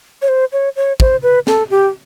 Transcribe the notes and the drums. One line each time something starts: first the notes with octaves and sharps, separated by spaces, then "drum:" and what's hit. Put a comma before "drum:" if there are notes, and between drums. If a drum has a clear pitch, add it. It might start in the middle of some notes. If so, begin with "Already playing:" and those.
C#5
C5
C#5
C#5
C5, drum: kick
B4
A4, drum: snare
G4